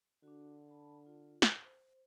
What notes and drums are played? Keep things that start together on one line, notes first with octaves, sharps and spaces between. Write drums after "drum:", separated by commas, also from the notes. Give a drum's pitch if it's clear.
D3 D4 F#4
A5 B5
F4
drum: snare
C5